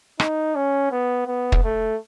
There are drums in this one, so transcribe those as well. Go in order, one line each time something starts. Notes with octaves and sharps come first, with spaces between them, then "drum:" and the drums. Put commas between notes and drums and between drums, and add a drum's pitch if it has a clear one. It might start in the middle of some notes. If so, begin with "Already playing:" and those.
D#4, drum: rim click
C#4
B3
B3
drum: kick
A3